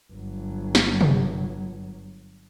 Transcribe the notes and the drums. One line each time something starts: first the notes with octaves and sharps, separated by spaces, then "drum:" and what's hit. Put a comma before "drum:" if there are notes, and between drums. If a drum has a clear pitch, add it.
G1 F#3
drum: snare
drum: tom C3